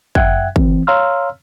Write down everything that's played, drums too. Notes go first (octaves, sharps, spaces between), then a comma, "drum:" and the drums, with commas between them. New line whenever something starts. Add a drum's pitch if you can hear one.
F#2 E5 F#5 G5 F#6 G#6, drum: kick
E3 C4, drum: kick
C#5 F5 A#5 C6 E6 F6